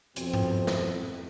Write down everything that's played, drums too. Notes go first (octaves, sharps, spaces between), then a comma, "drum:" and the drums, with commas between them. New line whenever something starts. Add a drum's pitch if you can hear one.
F2 B2 C4, drum: hi-hat
drum: tom G2
drum: snare